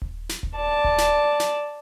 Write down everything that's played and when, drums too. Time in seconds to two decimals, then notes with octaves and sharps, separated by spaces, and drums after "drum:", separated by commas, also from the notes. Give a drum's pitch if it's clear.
0.02 drum: kick D#1
0.29 drum: snare
0.43 drum: kick D#1
0.57 D5 A5
0.85 drum: kick D#1
0.98 drum: snare
1.40 drum: snare